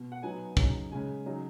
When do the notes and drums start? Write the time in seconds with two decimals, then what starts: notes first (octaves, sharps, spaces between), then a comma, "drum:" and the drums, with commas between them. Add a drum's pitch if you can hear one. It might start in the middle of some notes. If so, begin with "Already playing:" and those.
Already playing: B2
0.12 F#5
0.23 B2 F#3 B3 D#4 G#5
0.57 C#3 F#3 D#4, drum: kick
0.91 C#3 G#3 D#4 G#5
1.26 C#3 F#3 D#4